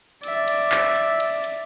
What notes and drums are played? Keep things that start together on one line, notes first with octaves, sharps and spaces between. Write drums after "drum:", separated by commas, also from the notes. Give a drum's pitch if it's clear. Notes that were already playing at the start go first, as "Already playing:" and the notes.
D5 E5, drum: cymbal
drum: cymbal
drum: clap
drum: cymbal
drum: cymbal
drum: cymbal